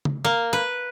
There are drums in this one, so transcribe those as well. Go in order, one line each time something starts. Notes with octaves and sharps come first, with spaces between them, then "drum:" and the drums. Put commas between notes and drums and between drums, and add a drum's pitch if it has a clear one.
drum: tom C#3
A#3
B4